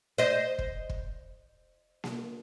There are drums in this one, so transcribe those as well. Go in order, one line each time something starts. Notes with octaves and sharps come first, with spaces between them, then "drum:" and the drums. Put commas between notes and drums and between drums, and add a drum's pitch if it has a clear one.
C5 D#5
drum: kick
drum: kick
drum: snare A#3